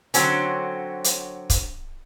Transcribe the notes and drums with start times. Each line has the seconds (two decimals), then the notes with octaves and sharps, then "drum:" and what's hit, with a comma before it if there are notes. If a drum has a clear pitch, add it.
0.14 D3 F#3 C4 C#4, drum: hi-hat
1.04 drum: hi-hat
1.50 drum: kick C#1, hi-hat